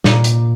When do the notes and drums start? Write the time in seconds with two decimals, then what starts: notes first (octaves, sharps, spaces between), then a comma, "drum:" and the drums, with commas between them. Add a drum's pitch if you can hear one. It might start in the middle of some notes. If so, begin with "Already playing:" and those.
0.04 A#2, drum: snare
0.24 drum: hi-hat